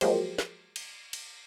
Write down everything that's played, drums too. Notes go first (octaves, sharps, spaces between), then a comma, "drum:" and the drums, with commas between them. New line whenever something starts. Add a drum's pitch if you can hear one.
F3 F#3 G#3 A#3 G4 C5, drum: cymbal
drum: snare
drum: cymbal
drum: cymbal